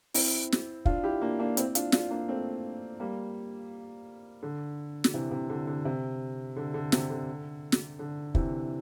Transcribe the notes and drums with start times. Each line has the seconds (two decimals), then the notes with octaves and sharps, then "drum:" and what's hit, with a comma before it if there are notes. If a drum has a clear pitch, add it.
0.14 C4 E4, drum: open hi-hat
0.52 drum: snare
0.85 D4 F4, drum: kick
1.04 E4 G4
1.21 A#3 D4
1.39 A#3 D4
1.57 C4 E4, drum: hi-hat
1.75 D4 F4, drum: hi-hat
1.92 D4 F4, drum: snare
2.10 A#3 D4
2.28 A3 C4
3.00 G3 A#3
4.43 D3
5.04 drum: snare
5.14 C3 E3
5.31 C3
5.50 D3
5.67 D3
5.85 C3
6.56 D3
6.74 D3
6.92 C3, drum: snare
7.10 D3
7.72 drum: snare
7.99 D3
8.35 C3 E3, drum: kick